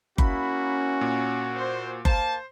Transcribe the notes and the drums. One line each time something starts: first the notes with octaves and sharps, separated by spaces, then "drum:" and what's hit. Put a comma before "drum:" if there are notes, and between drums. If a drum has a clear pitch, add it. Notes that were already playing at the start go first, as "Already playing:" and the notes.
A#3 C#4 E4 F#4 B5, drum: kick F#1
A#2
C5
A#3 C5 A5, drum: kick F#1